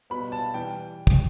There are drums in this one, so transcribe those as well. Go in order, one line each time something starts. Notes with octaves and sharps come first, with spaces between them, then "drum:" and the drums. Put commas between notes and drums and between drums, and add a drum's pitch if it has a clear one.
B2 G3 B3 B5
A5
E3 G3 G5
drum: kick